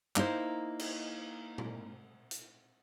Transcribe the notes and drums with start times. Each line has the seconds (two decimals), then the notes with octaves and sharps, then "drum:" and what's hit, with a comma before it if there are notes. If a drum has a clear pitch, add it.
0.16 A#3 D#4 E4 C5, drum: clap
0.79 drum: cymbal
1.58 drum: tom A#2
2.31 drum: hi-hat